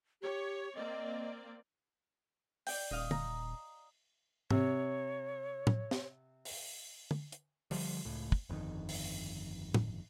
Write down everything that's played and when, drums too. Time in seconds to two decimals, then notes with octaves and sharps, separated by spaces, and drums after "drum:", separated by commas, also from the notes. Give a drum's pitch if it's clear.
0.22 G4 C#5
0.75 A#3 C4 D5 D#5
2.67 D5 G5, drum: open hi-hat
2.91 D#1 D#5 F5 D#6
3.11 A#5, drum: tom
4.51 C3 C#5, drum: tom G#2
5.67 drum: tom
5.91 drum: snare
6.45 drum: open hi-hat
7.11 drum: tom
7.32 drum: hi-hat
7.71 D3 F3 G3, drum: open hi-hat
8.05 C#2 A2
8.32 drum: kick
8.49 G1 F2 G#2 D#3
8.89 drum: open hi-hat
9.74 drum: tom